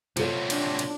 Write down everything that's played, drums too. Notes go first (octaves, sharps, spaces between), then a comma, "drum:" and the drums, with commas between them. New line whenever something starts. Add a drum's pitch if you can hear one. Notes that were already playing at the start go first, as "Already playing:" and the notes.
C3 F#3 F4 A4 C#5, drum: cymbal
D4, drum: cymbal
drum: cymbal